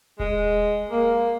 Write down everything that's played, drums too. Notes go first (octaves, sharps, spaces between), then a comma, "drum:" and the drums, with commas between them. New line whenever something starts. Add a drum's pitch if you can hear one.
G#3, drum: kick D#1
A#3